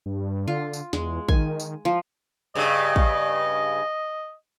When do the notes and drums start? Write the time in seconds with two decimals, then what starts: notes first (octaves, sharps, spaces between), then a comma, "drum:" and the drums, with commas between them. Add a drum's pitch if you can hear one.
0.06 G2
0.48 D3 F4
0.73 drum: tambourine
0.93 E2 G#3, drum: snare
1.29 D#3 G#5, drum: kick
1.60 drum: tambourine
1.85 F3
2.55 G2 C#3 D#5
2.96 drum: kick